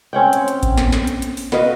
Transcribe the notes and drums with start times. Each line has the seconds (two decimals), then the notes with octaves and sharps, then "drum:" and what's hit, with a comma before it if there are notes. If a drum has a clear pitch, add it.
0.13 C4 C#4 F#5 G5
0.33 drum: hi-hat
0.48 drum: hi-hat
0.63 drum: kick A1, hi-hat
0.78 drum: snare
0.92 drum: snare
1.07 drum: hi-hat
1.22 drum: hi-hat
1.37 drum: open hi-hat
1.52 F#4 B4 D#5 F5, drum: snare